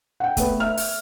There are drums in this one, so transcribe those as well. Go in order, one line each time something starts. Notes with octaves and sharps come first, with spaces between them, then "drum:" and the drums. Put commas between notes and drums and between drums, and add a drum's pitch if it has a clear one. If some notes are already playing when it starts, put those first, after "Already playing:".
F#5 G5
A3 B3, drum: kick, hi-hat
E5 F6
drum: open hi-hat